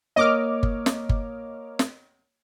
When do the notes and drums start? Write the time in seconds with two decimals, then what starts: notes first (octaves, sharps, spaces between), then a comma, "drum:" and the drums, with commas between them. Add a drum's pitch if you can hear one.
0.16 A#3 C#5 D#5 D6 F6
0.63 drum: kick G1
0.86 drum: snare
1.09 drum: kick G1
1.79 drum: snare